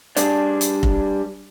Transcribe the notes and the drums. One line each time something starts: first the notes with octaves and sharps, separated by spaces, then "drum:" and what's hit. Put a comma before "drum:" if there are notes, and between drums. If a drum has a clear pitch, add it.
G3 D4 G#4 D5, drum: hi-hat
drum: hi-hat
drum: kick F1